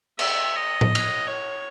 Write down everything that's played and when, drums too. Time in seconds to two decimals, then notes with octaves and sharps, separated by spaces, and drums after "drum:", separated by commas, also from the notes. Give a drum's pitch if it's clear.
0.19 E5, drum: cymbal
0.56 D#5
0.81 drum: tom A2
0.95 drum: cymbal
1.27 C#5